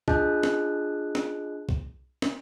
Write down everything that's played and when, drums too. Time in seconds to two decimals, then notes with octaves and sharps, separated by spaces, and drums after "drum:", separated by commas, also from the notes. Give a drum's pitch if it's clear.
0.08 D4 F4 G#4 D#5 A5 F#6, drum: kick
0.43 drum: snare
1.15 drum: snare
1.69 drum: kick
2.22 drum: snare